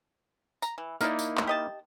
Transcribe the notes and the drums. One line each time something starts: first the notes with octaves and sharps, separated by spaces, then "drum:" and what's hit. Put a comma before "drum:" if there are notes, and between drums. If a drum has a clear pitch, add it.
A#5, drum: tambourine
E3
A#3 D#4 E4 A#4 D5, drum: tambourine
drum: tambourine
drum: clap
G4 D#5 A5